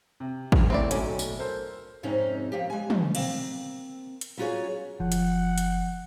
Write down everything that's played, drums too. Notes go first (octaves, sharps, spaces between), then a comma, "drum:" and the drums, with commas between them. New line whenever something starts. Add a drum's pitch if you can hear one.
C3
drum: kick
A3 C4 E4 D5
B1 A2 F#3 C#4, drum: hi-hat
drum: tambourine
A4 A#4 C5
F2 G#2 C3 C4 C#4 D#4
F3 A#3 G4
G#3 G#5
drum: tom
A#3 C4, drum: cymbal
drum: hi-hat
F#3 C#4 F4 F#4 G#4 C#5
F#1 F3 F#5
drum: hi-hat
drum: hi-hat